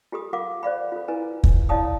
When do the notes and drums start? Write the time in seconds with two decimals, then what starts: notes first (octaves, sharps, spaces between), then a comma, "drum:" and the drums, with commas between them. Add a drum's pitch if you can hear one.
0.12 F4 G4 A4 D#6
0.33 F4 A#4 F5 F#5 D6
0.63 C5 D5 F5 B5
0.92 F4 A4
1.08 E4 B4 G#5 A#5
1.44 drum: kick
1.69 E4 C#5 D5 F5 A5 D#6